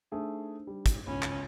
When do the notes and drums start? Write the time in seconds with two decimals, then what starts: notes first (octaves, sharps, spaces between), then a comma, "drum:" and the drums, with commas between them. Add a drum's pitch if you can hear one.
0.12 A3 D4 D#4 G#4 A4 C5
0.67 G3
0.86 drum: kick, hi-hat
1.07 C#2 C#4 B5
1.23 drum: clap